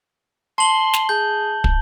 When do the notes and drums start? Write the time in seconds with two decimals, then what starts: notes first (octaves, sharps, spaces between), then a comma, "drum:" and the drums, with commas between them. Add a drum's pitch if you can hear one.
0.58 A5 C6 F#7 G7
0.94 drum: snare
1.09 G#4 G6
1.64 drum: kick